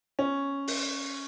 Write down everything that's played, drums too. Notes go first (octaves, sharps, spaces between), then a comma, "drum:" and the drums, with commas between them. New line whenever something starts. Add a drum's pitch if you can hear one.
C#4
drum: open hi-hat